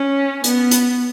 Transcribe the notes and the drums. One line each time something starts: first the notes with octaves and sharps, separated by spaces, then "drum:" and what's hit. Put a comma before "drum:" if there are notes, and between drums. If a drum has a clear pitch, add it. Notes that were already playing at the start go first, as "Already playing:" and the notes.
Already playing: C#4
B3, drum: hi-hat
drum: hi-hat